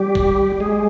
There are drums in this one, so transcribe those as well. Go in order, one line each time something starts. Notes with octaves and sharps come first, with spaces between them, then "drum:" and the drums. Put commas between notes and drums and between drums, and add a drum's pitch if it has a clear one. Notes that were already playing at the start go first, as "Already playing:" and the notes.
Already playing: G3 G4
drum: kick
G#3 G#4